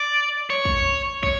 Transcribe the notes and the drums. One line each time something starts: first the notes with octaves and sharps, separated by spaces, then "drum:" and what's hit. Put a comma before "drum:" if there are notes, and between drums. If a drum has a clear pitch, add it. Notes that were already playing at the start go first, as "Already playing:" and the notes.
Already playing: D5
C#5
drum: kick
C#5, drum: kick